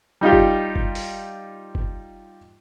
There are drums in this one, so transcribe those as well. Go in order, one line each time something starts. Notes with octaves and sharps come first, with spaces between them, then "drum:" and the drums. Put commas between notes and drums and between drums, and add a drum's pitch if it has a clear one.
G3 D#4 F4 G4
drum: kick F#1
drum: kick F#1
drum: open hi-hat
drum: kick F#1